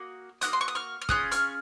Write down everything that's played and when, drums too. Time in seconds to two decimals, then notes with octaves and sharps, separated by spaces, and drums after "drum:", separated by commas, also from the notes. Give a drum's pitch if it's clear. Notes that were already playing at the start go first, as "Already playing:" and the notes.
Already playing: A#3 F#4 D#6
0.41 A#3 C#4 F#4 D#6 F#6, drum: hi-hat
0.53 C6
0.61 C#6
0.68 D#6
0.75 C#6 F6
1.02 F6
1.09 C#4 F4 G#4 D#6 F#6, drum: kick
1.32 C#6 F6, drum: hi-hat